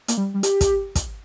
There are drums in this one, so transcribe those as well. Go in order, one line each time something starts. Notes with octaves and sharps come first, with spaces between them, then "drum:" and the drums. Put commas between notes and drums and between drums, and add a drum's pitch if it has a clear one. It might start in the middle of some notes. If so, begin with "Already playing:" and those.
A#3, drum: hi-hat
G3
G3
G4, drum: hi-hat
drum: kick, hi-hat
drum: kick, hi-hat